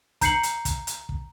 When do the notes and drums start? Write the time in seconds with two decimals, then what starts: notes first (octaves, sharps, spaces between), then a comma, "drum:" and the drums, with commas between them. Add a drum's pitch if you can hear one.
0.21 A#5 G6 C7 C#7 F#7, drum: kick, hi-hat
0.43 drum: hi-hat
0.65 drum: kick, hi-hat
0.87 drum: hi-hat
1.09 drum: kick